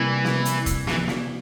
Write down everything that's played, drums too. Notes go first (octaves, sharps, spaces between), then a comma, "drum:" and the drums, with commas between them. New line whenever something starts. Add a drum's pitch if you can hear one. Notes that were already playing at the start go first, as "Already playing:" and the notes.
Already playing: C3 E3 G3 A#3
drum: snare
drum: hi-hat
drum: kick F1, hi-hat
E3, drum: snare
drum: snare